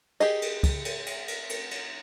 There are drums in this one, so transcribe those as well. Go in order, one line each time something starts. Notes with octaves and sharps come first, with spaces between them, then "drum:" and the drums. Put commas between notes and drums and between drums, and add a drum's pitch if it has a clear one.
G4 G#4 D#5, drum: cymbal
drum: cymbal
drum: kick, cymbal
drum: cymbal
drum: cymbal
drum: cymbal
drum: cymbal
drum: cymbal